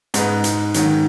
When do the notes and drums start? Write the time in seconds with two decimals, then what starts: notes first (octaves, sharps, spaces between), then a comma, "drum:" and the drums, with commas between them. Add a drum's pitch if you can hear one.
0.14 G#2 G#3 D#4 B4, drum: hi-hat
0.44 drum: hi-hat
0.74 G#2 D#3 F#3, drum: hi-hat